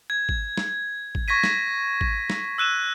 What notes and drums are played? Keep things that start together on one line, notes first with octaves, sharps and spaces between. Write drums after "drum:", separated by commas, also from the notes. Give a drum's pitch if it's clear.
G#6
drum: kick G#1
drum: snare
drum: kick G#1
C#6 G#6 A#6 B6 D#7
drum: snare
drum: kick G#1
drum: snare
E6 F#6 D#7 E7